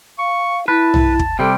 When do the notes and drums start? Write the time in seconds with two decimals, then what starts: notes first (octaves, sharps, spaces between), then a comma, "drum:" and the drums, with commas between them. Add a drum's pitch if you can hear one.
0.19 F5 C#6
0.68 E4 B4 A5
0.94 drum: tom
1.19 drum: kick
1.39 C3 G3 A4 G5